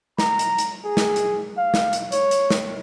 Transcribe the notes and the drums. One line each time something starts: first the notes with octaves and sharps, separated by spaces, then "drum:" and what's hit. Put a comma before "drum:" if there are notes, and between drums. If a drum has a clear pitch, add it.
A#5, drum: snare
drum: hi-hat
drum: hi-hat
G#4
drum: snare
drum: hi-hat
F5
drum: snare
drum: hi-hat
C#5, drum: hi-hat
drum: hi-hat
drum: snare